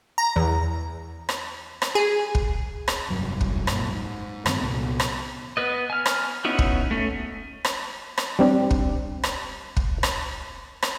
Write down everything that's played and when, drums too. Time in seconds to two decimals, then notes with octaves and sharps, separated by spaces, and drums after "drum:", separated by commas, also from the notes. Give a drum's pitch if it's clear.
0.18 A#5
0.36 E2
1.29 drum: rim click
1.82 drum: rim click
1.95 G#4
2.35 drum: kick
2.88 drum: rim click
3.10 F1 G2 F#3
3.41 drum: kick
3.67 F#2 A#2, drum: rim click
3.94 G#2
4.46 G2 D#3 A#3 C4, drum: rim click
4.60 C2 G2 A#2 B3
5.00 drum: rim click
5.57 B3 B4 D#5
5.90 G#5 F6
6.06 drum: rim click
6.45 B3 C#4 D#4 E4 F#4
6.59 drum: kick
6.91 A3 C#4
7.65 drum: rim click
8.18 drum: rim click
8.39 G3 C4 D4
8.71 drum: kick
9.24 drum: rim click
9.77 drum: kick
10.03 drum: rim click
10.82 drum: rim click